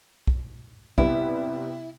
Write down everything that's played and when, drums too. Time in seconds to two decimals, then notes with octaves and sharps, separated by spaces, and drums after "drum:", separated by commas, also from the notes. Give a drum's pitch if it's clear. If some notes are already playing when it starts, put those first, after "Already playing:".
0.27 drum: kick
0.98 C3 G3 B3 E4, drum: kick